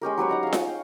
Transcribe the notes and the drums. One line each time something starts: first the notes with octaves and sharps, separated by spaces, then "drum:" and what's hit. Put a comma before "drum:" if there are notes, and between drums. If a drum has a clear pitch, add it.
G#3 C#4 G4 A#4
F#3 G4 B4 C#5
D#4 F#5 A#5
G#4 F5
drum: snare F4
G5